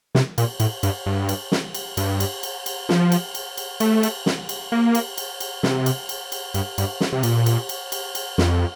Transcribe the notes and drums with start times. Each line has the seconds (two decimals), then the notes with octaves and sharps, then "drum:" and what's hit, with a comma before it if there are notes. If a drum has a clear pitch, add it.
0.15 C3, drum: snare
0.38 A#2, drum: cymbal
0.60 A2, drum: cymbal
0.83 G2, drum: cymbal
1.06 G2
1.29 drum: cymbal
1.52 drum: snare
1.75 drum: cymbal
1.97 G2, drum: cymbal
2.20 drum: cymbal
2.43 drum: cymbal
2.66 drum: cymbal
2.89 F3, drum: snare
3.12 drum: cymbal
3.35 drum: cymbal
3.57 drum: cymbal
3.80 A3, drum: cymbal
4.03 drum: cymbal
4.26 drum: snare
4.49 drum: cymbal
4.72 A#3
4.95 drum: cymbal
5.18 drum: cymbal
5.40 drum: cymbal
5.63 C3, drum: snare
5.86 drum: cymbal
6.09 drum: cymbal
6.32 drum: cymbal
6.54 G2, drum: cymbal
6.78 G2, drum: cymbal
7.01 drum: snare
7.13 C3
7.23 A#2, drum: cymbal
7.46 drum: cymbal
7.69 drum: cymbal
7.92 drum: cymbal
8.15 drum: cymbal
8.38 F2, drum: snare